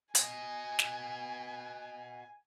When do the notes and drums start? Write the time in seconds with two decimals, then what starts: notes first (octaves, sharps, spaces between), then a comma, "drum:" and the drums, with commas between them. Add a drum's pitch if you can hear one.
0.15 F#4 D#5 G#5, drum: hi-hat
0.79 drum: snare